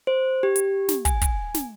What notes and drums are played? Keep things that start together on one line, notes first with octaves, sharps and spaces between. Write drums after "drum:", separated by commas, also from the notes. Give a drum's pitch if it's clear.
C5
G4
drum: hi-hat
drum: snare
G#5, drum: kick, hi-hat
drum: kick, hi-hat
drum: snare